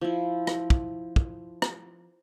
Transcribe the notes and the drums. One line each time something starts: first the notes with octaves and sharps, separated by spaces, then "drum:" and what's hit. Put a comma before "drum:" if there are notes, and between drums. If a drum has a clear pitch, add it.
F3 E4
drum: rim click
drum: kick
drum: kick
drum: rim click